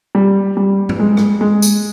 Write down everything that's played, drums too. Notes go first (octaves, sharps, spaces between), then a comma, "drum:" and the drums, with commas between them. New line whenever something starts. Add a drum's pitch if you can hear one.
G3
G3
drum: tom
G#3
drum: rim click
G#3
drum: tambourine